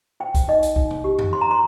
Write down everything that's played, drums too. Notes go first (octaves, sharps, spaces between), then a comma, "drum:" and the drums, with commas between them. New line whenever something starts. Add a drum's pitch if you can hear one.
C5 G5
drum: kick B1, hi-hat
D#4 D#5
drum: hi-hat
D#4, drum: kick B1
drum: tom
G4
drum: tom F2
C5 C6
A#5
C6